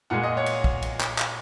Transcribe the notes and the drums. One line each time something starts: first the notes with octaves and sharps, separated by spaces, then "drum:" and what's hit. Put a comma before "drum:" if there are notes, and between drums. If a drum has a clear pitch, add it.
A#2 G#3 F#5
D#5
C#5 F#5
drum: cymbal
drum: kick
drum: cymbal
drum: clap
drum: clap